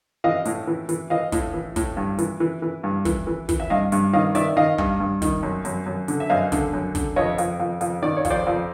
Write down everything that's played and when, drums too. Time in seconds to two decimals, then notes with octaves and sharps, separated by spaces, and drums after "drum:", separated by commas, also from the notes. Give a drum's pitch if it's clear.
0.24 E3 D#5 F5
0.45 A2, drum: hi-hat
0.67 E3
0.89 E3, drum: hi-hat
1.10 E3 D#5 F5
1.32 A2, drum: kick, hi-hat
1.54 E3
1.76 A2, drum: kick, hi-hat
1.97 G2
2.19 E3, drum: hi-hat
2.40 E3
2.62 E3
2.84 G2
3.05 E3, drum: kick, hi-hat
3.27 E3
3.49 E3, drum: kick, hi-hat
3.60 E5
3.70 G2 D#5 F5
3.92 G2, drum: hi-hat
4.13 D#3 D#5 F5
4.35 D#3 D5 E5, drum: hi-hat
4.57 D#3 D#5 F5
4.78 G2, drum: kick
5.00 G2
5.22 D#3, drum: kick, hi-hat
5.43 F#2
5.65 F#2, drum: hi-hat
5.86 F#2
6.08 D3, drum: hi-hat
6.20 E5
6.30 F#2 D#5 F5
6.52 D3, drum: kick, hi-hat
6.73 F#2
6.95 D3, drum: kick, hi-hat
7.16 F2 C#5 D#5
7.38 F2, drum: hi-hat
7.60 F2
7.81 F2, drum: hi-hat
8.02 D#3 D5
8.17 C#5
8.25 F2, drum: kick, hi-hat
8.30 C5 D5
8.47 F2